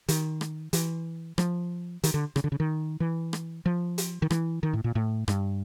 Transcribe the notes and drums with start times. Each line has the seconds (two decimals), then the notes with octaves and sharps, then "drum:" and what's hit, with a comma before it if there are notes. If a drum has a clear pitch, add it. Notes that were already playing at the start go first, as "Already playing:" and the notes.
0.08 D#3, drum: hi-hat
0.41 drum: rim click
0.73 E3, drum: hi-hat
1.38 F3, drum: rim click
2.03 D#3, drum: hi-hat
2.14 D3
2.36 C#3, drum: rim click
2.44 D3
2.52 C#3
2.60 D#3
3.00 E3
3.33 drum: rim click
3.66 F3
3.98 drum: hi-hat
4.22 D#3
4.31 E3, drum: rim click
4.63 D#3
4.73 A2
4.84 A#2
4.95 A2
5.28 G2, drum: rim click